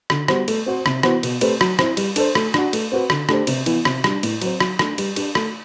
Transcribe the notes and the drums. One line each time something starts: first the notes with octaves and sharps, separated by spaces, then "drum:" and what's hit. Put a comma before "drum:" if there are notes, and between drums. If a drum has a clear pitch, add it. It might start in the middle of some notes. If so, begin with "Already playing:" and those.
D3, drum: rim click
G3 B3 F#4 C5, drum: rim click
A3, drum: cymbal
C4 F#4 C5
C3, drum: rim click
E3 B3 F#4 C5, drum: rim click
B2, drum: cymbal
A3 C4 G4 B4, drum: cymbal
F#3, drum: rim click
C4 E4, drum: rim click
G3, drum: cymbal
D4 A4 C5, drum: cymbal
A3, drum: rim click
D4 F#4, drum: rim click
A3, drum: cymbal
C4 F#4 B4
D3, drum: rim click
A3 D4 G4 C5, drum: rim click
C3, drum: cymbal
E3 B3 E4, drum: cymbal
C3, drum: rim click
G3 D4, drum: rim click
A2, drum: cymbal
F#3 C4, drum: cymbal
F#3, drum: rim click
A3 D4, drum: rim click
G3, drum: cymbal
D4 G4, drum: cymbal
A3, drum: rim click